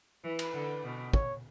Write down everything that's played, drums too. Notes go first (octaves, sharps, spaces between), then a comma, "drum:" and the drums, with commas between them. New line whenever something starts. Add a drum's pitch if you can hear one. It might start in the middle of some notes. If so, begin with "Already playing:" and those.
E3 B4
drum: cymbal
D3
B2
C#5, drum: kick